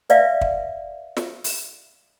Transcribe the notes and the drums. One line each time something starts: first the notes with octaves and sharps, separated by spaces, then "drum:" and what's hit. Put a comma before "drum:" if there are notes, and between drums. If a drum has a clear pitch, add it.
B4 D5 E5 F5, drum: hi-hat
drum: kick
drum: snare
drum: open hi-hat